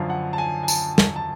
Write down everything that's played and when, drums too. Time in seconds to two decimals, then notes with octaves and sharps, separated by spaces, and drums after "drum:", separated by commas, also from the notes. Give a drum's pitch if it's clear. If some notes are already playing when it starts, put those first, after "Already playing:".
Already playing: F#2 D3 F3 F5
0.10 F#5
0.33 A5
0.38 G#5
0.63 G#5
0.68 A5, drum: tambourine
0.98 drum: snare
1.16 A5